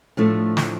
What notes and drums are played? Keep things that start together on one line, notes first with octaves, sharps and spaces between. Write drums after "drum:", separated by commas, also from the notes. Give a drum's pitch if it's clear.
A2 F3 A3 D4
drum: snare